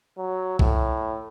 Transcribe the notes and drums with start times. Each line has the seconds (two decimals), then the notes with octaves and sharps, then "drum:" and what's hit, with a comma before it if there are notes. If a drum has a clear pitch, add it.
0.18 F#3
0.59 A2, drum: kick B1